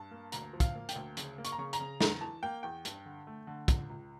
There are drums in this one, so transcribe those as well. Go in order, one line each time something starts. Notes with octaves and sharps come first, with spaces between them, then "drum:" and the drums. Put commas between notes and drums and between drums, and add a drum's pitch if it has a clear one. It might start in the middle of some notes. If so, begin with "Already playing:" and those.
Already playing: G2 A5
A#3
D2 A#5, drum: hi-hat
F3
F5, drum: kick, hi-hat
A#3
G5, drum: hi-hat
D2
C#3, drum: hi-hat
A#3
C#6, drum: hi-hat
A#5
C#3 C#6
A#5, drum: hi-hat
C#3
E2 A#5, drum: snare
E3 A5
A#3 G5
E2 G5
G2, drum: hi-hat
D3
A3
D3
C#2, drum: kick, hi-hat
C#2